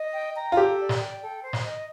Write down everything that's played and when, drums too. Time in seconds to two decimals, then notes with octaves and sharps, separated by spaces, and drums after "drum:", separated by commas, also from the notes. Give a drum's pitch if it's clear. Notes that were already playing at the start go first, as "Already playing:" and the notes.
Already playing: D#5
0.14 G5
0.36 A#5
0.52 F4
0.57 G4 A4
0.79 D5
0.89 drum: snare
1.00 G5
1.21 A4
1.43 C5
1.53 drum: snare
1.63 D#5